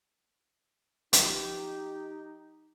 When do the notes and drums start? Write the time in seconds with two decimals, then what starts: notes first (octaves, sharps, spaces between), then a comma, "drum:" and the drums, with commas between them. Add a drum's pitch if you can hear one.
1.13 F3 B3 D#4 F4 G4, drum: hi-hat